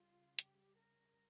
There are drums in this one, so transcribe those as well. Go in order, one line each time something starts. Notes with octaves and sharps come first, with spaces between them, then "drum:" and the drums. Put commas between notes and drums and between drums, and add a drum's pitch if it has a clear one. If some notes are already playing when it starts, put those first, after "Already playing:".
Already playing: C#3 G3 F4
G4, drum: hi-hat
A#4